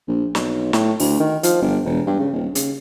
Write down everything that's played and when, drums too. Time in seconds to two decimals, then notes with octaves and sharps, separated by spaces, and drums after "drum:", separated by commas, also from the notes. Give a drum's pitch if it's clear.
0.08 A#1
0.35 B1, drum: snare
0.73 A2, drum: snare
1.00 D2, drum: open hi-hat
1.20 D#3
1.43 F3, drum: hi-hat
1.62 G1
1.85 E1
2.07 G2
2.19 C#3
2.33 D#1
2.55 C#3, drum: hi-hat